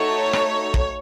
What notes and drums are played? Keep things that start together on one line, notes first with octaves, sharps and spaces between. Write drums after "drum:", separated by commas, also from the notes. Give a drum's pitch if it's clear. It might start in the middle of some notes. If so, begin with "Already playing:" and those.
Already playing: A3 D#4 F#4 A4 C#5
drum: rim click
drum: kick